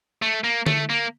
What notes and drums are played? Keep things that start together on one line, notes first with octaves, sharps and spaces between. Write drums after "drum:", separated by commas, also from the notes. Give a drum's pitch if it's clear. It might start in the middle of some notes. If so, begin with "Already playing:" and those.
A3
A#3
A3, drum: tom D3
A#3